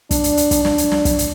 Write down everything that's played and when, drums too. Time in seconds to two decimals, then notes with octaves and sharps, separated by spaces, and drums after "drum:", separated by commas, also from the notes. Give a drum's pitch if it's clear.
0.11 D4, drum: kick, hi-hat
0.24 drum: hi-hat
0.37 drum: hi-hat
0.51 drum: kick, hi-hat
0.65 D4, drum: snare
0.78 drum: hi-hat
0.92 drum: snare
1.05 drum: kick, hi-hat
1.19 drum: hi-hat